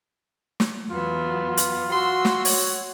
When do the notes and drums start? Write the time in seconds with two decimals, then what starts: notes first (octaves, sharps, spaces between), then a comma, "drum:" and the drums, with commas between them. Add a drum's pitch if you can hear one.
0.60 drum: snare
0.90 E2 F#3 B3 F4
1.57 drum: hi-hat
1.92 F#4 C6 E6
2.25 drum: snare
2.45 C#5, drum: open hi-hat